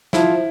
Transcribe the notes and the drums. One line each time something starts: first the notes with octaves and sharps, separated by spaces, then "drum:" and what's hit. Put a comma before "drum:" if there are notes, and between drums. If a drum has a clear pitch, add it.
F3 E4, drum: snare